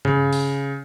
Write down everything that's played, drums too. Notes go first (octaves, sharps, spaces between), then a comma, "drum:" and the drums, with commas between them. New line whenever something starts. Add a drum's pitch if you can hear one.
C#3, drum: tom G2
drum: open hi-hat